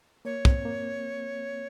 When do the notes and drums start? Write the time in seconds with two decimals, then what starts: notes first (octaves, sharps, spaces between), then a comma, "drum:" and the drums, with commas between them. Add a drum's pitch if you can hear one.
0.25 A#3 C#5
0.45 C4, drum: kick
0.65 A#3